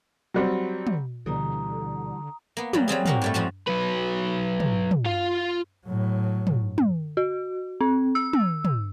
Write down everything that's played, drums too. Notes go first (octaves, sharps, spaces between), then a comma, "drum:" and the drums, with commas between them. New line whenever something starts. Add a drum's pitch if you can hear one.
F#3 G3 C4
drum: tom
D2 B2 D3 E3 G3 A#5 D#6
A#3 B3
F#3 G3, drum: tom
F#3 G3 C4 G#4
F#4 G4 A#4 F5 F#5, drum: tom
A2 G3 A3
F2 G#2 F3 F4 F#4 E5
F#3 B4
drum: tom
drum: tom
F4 F5
A2 F#3
drum: tom
drum: tom
F#4
C4
E6
drum: tom
drum: tom